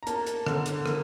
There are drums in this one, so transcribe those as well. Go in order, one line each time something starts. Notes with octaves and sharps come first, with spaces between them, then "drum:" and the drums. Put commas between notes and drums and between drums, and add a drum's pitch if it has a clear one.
A#5
A#3 A5, drum: hi-hat
drum: hi-hat
D3, drum: rim click
drum: hi-hat
A#3, drum: rim click